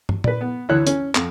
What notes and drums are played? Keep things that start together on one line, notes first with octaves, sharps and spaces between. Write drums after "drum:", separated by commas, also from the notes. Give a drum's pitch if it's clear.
drum: tom
B4 D5, drum: tom A#2
B3
D2 E3 E4 C#5 F#6
C#4, drum: hi-hat
F2, drum: clap